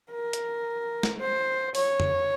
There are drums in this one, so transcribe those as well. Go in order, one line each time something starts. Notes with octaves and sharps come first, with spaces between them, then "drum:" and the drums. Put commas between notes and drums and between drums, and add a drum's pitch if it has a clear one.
A#4
drum: hi-hat
drum: snare
C5
C#5, drum: open hi-hat
drum: tom F2